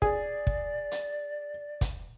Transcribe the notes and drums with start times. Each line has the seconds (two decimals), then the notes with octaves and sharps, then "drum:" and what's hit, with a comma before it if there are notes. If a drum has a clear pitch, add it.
0.02 G#4 D5, drum: kick
0.47 drum: kick
0.91 drum: hi-hat
1.81 drum: kick, hi-hat